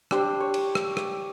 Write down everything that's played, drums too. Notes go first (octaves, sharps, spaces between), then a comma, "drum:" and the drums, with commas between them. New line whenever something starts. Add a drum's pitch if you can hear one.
D4 G4 C5, drum: rim click
C#5
drum: cymbal
drum: rim click
drum: rim click